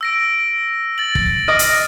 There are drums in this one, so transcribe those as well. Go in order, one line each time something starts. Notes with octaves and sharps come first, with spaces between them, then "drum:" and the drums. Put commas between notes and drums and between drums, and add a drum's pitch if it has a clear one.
E6 A#6 D7
A6 F#7
drum: kick
D#5 D6 F6 A#6
drum: hi-hat